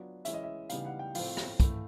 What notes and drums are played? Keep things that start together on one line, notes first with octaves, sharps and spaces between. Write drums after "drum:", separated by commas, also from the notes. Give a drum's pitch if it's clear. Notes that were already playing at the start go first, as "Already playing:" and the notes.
Already playing: F#3 B3 D4 F4
E3 G#3 C#4 E5, drum: hi-hat
D#5
E5
C#3 E3 G3 B3 D#4 F5, drum: hi-hat
F#5
G5
A2 F3 A3 C4 F5, drum: open hi-hat
drum: rim click
A2 E3 A3, drum: kick, hi-hat